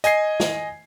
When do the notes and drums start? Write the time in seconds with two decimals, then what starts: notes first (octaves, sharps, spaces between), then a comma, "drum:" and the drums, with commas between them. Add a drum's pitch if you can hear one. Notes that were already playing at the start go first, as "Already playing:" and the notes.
0.04 D#5 G#5 G#6 C7, drum: hi-hat
0.40 drum: snare